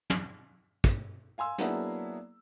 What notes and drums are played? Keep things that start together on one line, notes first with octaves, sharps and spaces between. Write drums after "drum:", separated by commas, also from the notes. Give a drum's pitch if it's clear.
drum: tom
drum: kick, hi-hat
F5 G#5 C6 E6
F#3 A#3 B3 D4 E4 G#4, drum: hi-hat